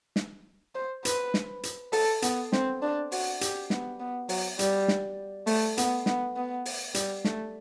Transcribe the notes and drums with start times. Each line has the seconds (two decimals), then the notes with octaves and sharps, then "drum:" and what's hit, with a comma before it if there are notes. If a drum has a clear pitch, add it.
0.16 drum: snare
0.75 C5
1.05 B4, drum: hi-hat
1.34 drum: snare
1.63 drum: hi-hat
1.92 A4, drum: open hi-hat
2.22 B3, drum: hi-hat
2.53 C4, drum: snare
2.82 D4
3.12 F#4, drum: open hi-hat
3.41 G4, drum: hi-hat
3.70 B3, drum: snare
4.00 B3
4.29 F#3, drum: open hi-hat
4.59 G3, drum: hi-hat
4.88 drum: snare
5.47 A3, drum: open hi-hat
5.78 B3, drum: hi-hat
6.06 B3, drum: snare
6.36 B3
6.66 drum: open hi-hat
6.94 G3, drum: hi-hat
7.24 A3, drum: snare